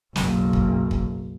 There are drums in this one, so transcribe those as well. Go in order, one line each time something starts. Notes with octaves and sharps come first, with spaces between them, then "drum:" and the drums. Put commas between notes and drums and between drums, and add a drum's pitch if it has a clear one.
F#1 B1, drum: snare
drum: kick
drum: kick